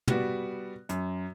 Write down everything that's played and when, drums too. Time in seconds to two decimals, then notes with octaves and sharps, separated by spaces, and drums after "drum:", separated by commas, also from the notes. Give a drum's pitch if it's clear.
0.08 G3 B3 F#4 D5, drum: tom
0.89 F#2, drum: hi-hat